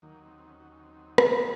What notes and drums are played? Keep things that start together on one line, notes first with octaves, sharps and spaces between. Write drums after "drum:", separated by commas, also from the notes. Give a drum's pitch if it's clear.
D#2 D#3 F#3 A#3
C4
C4
C#4
F#4
C#4
C4
C4
C#4, drum: rim click
D#4